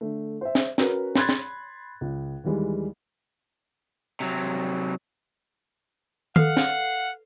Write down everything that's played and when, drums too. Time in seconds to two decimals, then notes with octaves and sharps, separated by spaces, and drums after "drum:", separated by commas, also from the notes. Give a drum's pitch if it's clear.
0.01 D3 A3
0.41 C5 E5
0.55 drum: snare
0.78 C#4 F#4 A#4 B4, drum: snare
1.15 B5 C6 F#6 G#6 A6, drum: snare
1.29 drum: snare
2.01 C#2
2.44 D#2 E3 G3 G#3
4.20 C3 F#3
6.36 A4 B4 F5 F#5, drum: tom D#3
6.57 drum: snare